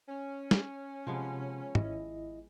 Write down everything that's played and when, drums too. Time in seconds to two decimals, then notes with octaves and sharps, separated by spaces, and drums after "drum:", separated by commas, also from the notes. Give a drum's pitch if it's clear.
0.08 C#4
0.51 drum: snare
1.07 C3 F3 G#3 B3
1.75 G#1 E4 D#5, drum: tom